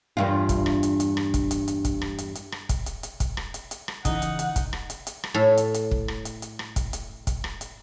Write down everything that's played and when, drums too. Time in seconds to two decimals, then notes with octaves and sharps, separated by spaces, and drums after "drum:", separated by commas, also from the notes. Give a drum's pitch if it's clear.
0.17 E2 G2 F4
0.49 drum: kick, hi-hat
0.66 drum: rim click
0.83 drum: hi-hat
1.00 drum: hi-hat
1.17 drum: rim click
1.34 drum: kick, hi-hat
1.51 drum: hi-hat
1.68 drum: hi-hat
1.85 drum: kick, hi-hat
2.02 drum: rim click
2.18 drum: hi-hat
2.35 drum: hi-hat
2.52 drum: rim click
2.69 drum: kick, hi-hat
2.86 drum: hi-hat
3.03 drum: hi-hat
3.20 drum: kick, hi-hat
3.37 drum: rim click
3.54 drum: hi-hat
3.71 drum: hi-hat
3.88 drum: rim click
4.05 C#3 E3 D#4 F#5, drum: kick, hi-hat
4.22 drum: hi-hat
4.39 drum: hi-hat
4.56 drum: kick, hi-hat
4.73 drum: rim click
4.90 drum: hi-hat
5.07 drum: hi-hat
5.24 drum: rim click
5.34 A2 A4
5.57 drum: hi-hat
5.74 drum: hi-hat
5.91 drum: kick
6.08 drum: rim click
6.25 drum: hi-hat
6.42 drum: hi-hat
6.59 drum: rim click
6.76 drum: kick, hi-hat
6.93 drum: hi-hat
7.27 drum: kick, hi-hat
7.44 drum: rim click
7.61 drum: hi-hat